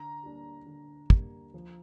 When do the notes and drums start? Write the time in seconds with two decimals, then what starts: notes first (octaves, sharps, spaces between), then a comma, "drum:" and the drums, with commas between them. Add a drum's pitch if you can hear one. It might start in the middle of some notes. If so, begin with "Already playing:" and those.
Already playing: D3 A#5
0.23 G3 A#3 D4
0.66 D3
1.10 G3 A#3 D4, drum: kick
1.54 F3